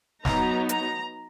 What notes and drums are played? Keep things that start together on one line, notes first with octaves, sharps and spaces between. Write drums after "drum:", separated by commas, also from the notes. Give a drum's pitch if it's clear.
F#3 B3 D#4 A#5, drum: snare
A#5, drum: hi-hat